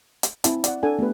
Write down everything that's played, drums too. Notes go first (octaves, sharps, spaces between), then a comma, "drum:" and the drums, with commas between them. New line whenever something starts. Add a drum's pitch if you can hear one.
drum: hi-hat
C4 E4 A5, drum: hi-hat
D5 F#5, drum: hi-hat
D4 A4 D5 F#5 G#5
A3 B3 G4 B4